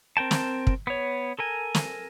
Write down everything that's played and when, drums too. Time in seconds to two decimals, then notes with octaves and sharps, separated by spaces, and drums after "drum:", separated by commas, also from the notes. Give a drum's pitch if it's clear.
0.17 C4 A#4 G5 A5
0.31 drum: snare
0.67 drum: kick
0.87 B3 C#5
1.39 A4 A#4 G#5
1.75 drum: snare